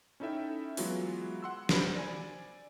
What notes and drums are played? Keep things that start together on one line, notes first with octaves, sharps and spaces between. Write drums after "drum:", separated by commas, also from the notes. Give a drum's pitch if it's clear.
C#4 D#4 E4 A4 E5 G5
E3 F#3 G#3 B3 F4 F#4, drum: open hi-hat
F#5 C6 E6
D4 C5 B5, drum: snare
D5 G#5